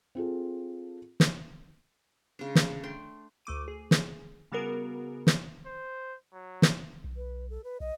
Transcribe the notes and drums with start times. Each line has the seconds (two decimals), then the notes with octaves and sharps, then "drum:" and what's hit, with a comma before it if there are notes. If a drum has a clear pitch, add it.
0.15 C4 F4 G#4 A4
1.20 drum: snare
2.39 C#3 G#3 D4
2.55 drum: snare
2.83 A3 D4 G5 C6
3.45 D2 A3 D6 D#7
3.68 G#4
3.91 drum: snare
4.52 C#3 G3 B3 F#4 G#4 A#4
5.27 drum: snare
5.66 C5
6.33 F#3
6.62 drum: snare
7.04 B1
7.16 B4
7.50 A4
7.64 B4
7.80 B1 D#5